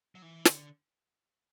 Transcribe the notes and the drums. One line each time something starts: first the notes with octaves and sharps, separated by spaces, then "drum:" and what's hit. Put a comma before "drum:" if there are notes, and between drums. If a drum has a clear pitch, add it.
F#3
E3
D3, drum: snare